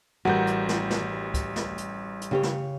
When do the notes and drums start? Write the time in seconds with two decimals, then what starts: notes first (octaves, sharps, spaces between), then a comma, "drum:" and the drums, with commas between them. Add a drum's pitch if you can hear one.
0.25 A1 G3 F#4 A#4 G6
0.47 drum: hi-hat
0.69 drum: snare
0.90 drum: snare
1.34 drum: kick, hi-hat
1.56 drum: snare
1.78 drum: hi-hat
2.21 drum: hi-hat
2.31 C#3 G4 C#5
2.43 drum: snare